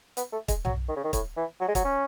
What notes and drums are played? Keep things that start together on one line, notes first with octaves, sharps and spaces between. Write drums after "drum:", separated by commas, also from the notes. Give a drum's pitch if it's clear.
B3, drum: hi-hat
A3
G#3, drum: kick, hi-hat
F#3, drum: tom B1
D#3
C#3
D#3
A2, drum: kick, hi-hat
E3
F#3
G#3
F#3, drum: kick, hi-hat
C#4